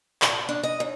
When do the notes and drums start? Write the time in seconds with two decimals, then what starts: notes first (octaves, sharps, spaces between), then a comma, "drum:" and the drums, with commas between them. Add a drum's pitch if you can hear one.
0.22 A#2, drum: clap
0.49 D4
0.63 D#5
0.80 D#2